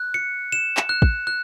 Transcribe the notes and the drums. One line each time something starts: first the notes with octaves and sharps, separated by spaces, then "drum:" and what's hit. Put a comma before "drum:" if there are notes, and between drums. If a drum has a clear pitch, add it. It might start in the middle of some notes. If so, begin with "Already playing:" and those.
Already playing: F#6
C#7
E7
drum: clap
F#6
drum: kick
F#6